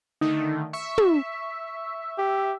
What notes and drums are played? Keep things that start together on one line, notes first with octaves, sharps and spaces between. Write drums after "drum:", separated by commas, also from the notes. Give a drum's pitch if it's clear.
D3 D#3 A3 D#4
E5 C#6
drum: tom
G4